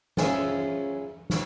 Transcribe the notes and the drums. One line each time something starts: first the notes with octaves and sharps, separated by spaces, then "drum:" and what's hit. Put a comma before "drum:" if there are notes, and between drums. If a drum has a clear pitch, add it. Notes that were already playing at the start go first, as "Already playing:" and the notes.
C#4 F4 G#4 C5 E5 G5, drum: snare
drum: snare